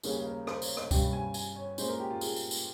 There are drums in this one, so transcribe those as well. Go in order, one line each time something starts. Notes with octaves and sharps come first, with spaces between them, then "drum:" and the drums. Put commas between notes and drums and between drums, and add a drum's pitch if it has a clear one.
D#2 C#3 G3 A#3 C#4 G#4, drum: tambourine
G#4
A#4
C5, drum: rim click
C#5, drum: tambourine
D#5, drum: rim click
G2 G3 C#4 G5, drum: kick C#2, tambourine
G#5
G#5, drum: tambourine
C#5
A#2 G#3 C#4 C5, drum: tambourine
A#4
G4
F4
G#4, drum: tambourine
drum: tambourine
drum: tambourine